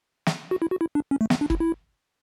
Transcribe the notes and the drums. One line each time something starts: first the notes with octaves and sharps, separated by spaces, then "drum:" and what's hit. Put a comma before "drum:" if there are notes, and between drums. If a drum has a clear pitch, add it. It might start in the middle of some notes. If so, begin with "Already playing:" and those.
drum: snare
F#4
E4
F#4
E4
D4
C#4
A3
B3, drum: snare
D4
E4, drum: kick
E4